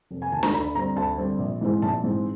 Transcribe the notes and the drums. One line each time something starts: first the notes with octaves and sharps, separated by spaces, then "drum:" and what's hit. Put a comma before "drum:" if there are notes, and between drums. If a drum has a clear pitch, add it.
F1
G#5
D#2 D#3 A5
A#5, drum: snare D4
D2 B5
D3 G3 C4 A#5
D2 A5
D3 G3 C4
A#1
G#2 E3 G#3 C4
A#1 A5
G#2 E3 G#3 C4